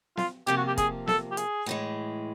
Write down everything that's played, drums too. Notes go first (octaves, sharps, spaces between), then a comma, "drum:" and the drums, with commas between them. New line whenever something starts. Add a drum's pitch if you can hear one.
F4, drum: snare
C3 F3 A#3 G4
F#4
G4
G#4, drum: kick, hi-hat
A4, drum: snare
G4
G#4, drum: hi-hat
A2 E3 G#3